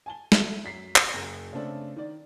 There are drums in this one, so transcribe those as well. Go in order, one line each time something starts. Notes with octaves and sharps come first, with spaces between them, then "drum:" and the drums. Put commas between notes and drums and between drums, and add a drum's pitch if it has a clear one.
G#5 A5 G7
F#4 A4 E5, drum: snare
F#2 B6 C7
drum: clap
F#1 A#5 A#6
C#3 A3 C4 D4 A4
D#3 D5